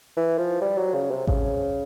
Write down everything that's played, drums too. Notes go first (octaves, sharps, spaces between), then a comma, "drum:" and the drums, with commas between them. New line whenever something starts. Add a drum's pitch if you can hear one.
E3
F3
G3
F#3
C#3
C3
C#3, drum: kick A1